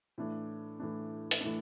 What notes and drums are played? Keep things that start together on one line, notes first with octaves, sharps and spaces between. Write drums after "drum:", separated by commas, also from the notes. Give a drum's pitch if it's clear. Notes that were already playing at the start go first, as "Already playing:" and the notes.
A2 E3 A3 D4
A2 E3 A3 D4
drum: hi-hat
A2 E3 A3 D4